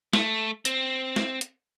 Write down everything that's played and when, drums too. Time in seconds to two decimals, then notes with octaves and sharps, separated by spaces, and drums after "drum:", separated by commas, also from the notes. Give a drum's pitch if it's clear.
0.13 A3, drum: snare
0.65 C4, drum: hi-hat
1.16 drum: snare
1.41 drum: hi-hat